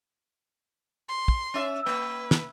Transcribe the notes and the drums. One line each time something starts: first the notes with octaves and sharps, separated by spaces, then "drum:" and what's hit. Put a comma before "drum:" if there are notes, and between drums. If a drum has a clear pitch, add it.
C6
drum: kick
C#4 E5
A#3 B4
drum: snare